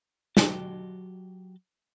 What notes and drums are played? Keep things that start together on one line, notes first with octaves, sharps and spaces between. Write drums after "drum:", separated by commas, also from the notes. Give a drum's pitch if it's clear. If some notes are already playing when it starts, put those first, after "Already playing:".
F#3 F#4 G4 G5 A5, drum: snare